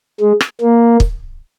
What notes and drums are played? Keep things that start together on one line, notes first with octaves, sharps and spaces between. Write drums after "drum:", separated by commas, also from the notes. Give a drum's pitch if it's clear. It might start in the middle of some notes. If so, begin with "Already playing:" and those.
G#3
drum: rim click
A#3
drum: kick